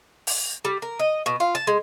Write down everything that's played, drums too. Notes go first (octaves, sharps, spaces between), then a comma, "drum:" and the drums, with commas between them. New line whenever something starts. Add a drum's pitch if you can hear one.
drum: open hi-hat
G3
A#4
D#5
B2
F4
A5
G#3